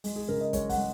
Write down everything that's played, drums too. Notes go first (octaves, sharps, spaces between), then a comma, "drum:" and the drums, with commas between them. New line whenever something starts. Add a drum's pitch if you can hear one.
G#3, drum: open hi-hat
G#4
C#3 A#4
D#5
G#3 C#5, drum: kick, hi-hat
F#5, drum: kick, open hi-hat
G#3